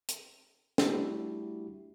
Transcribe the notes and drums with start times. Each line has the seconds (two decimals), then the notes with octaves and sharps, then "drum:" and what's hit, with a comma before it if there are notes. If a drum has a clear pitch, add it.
0.08 drum: hi-hat
0.78 G3 A3 D4 E4 F#4 G4, drum: snare